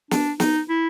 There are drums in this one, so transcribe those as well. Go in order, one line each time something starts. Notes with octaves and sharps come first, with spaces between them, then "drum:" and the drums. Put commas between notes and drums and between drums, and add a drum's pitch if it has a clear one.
D4, drum: snare
D#4, drum: snare
E4